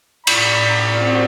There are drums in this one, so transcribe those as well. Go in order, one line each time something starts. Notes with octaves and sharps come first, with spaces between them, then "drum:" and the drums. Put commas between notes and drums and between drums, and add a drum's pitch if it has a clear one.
A2 D5 A#5 B5, drum: cymbal
C4 F#4 C5 D5